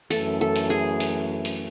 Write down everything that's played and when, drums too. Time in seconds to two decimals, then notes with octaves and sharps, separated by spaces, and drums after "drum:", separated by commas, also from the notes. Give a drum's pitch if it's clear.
0.10 F#2 E3 A3 A4, drum: hi-hat
0.41 A4
0.55 drum: hi-hat
0.70 G#4
1.00 drum: hi-hat
1.45 drum: hi-hat